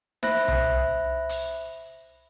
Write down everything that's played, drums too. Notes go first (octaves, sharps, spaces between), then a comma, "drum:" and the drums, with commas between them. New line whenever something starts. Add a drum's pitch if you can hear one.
C5 E5 B5 F#6 A#6, drum: snare D#4
drum: tom C2
drum: hi-hat